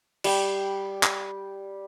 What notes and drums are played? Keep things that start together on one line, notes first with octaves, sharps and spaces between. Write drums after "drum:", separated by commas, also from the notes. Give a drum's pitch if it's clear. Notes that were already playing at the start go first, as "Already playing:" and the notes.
G3 G5, drum: cymbal
drum: clap